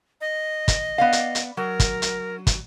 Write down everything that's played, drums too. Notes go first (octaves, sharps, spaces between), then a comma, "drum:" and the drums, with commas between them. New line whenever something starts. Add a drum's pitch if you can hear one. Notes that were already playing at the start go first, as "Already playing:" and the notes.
D#5
drum: kick, hi-hat
B3 D5 F5
drum: hi-hat
drum: hi-hat
F#3 A#4
drum: kick, hi-hat
drum: hi-hat
drum: kick, hi-hat